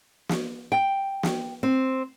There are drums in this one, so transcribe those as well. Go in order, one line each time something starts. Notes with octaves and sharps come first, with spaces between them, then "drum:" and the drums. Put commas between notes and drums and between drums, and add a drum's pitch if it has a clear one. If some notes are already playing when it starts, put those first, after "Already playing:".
drum: snare
G5
drum: snare
C4